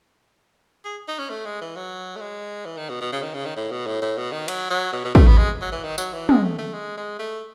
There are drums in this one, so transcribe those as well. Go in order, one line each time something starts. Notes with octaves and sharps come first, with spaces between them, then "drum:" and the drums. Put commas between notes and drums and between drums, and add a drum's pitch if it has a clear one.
G#4
D#4
C#4
A3
G#3
E3
F#3
A3
G#3
E3
D#3
B2
B2
C#3
D#3
C#3
D#3
A2
B2
A2
A2
B2
D#3
F#3, drum: cymbal
F#3
B2
B2
A3, drum: kick
B3
G#3
F#3
E3
D#3
F#3, drum: tambourine
E3
G#3, drum: tom
A3
A3
G#3
G#3
A3